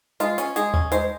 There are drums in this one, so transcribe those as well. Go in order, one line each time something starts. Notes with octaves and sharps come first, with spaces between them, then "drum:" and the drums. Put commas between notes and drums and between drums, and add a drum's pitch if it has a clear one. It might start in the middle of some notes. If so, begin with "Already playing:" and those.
G#3 F4, drum: hi-hat
C#4, drum: hi-hat
G#3 G#4, drum: hi-hat
C#4, drum: tom D#2
G#3 C5, drum: hi-hat